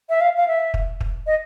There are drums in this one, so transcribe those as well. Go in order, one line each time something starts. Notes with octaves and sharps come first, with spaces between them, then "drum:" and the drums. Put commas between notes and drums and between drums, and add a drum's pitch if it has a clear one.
E5
F5
F5
E5
drum: kick
drum: kick
D#5